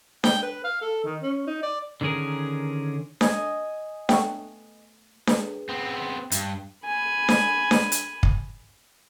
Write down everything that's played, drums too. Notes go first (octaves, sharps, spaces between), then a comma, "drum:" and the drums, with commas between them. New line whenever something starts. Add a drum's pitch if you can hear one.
G5, drum: snare D4
B4
F5
A4
D#3
C#4
D#4
D5
D3 D#3 C#4 G#4 A#4
D#5 G#5, drum: snare D4
A3 B3 G5, drum: snare D4
G#4 B4, drum: snare D4
B3 C4
G2, drum: hi-hat
G#5 B5
drum: snare D4
drum: snare D4
drum: hi-hat
drum: kick